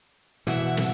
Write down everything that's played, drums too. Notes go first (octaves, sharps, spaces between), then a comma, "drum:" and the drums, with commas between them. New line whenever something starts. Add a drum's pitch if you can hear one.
B2 E3 E5 F#5, drum: hi-hat
drum: snare